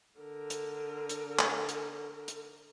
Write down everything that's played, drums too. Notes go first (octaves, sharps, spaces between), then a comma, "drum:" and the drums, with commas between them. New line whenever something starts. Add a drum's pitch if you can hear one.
D3 A#4
drum: hi-hat
drum: hi-hat
drum: clap
drum: hi-hat
drum: hi-hat